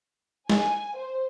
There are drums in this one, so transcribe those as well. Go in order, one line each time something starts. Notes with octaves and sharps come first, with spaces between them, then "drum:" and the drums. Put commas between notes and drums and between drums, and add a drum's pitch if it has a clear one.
G#5, drum: snare
C5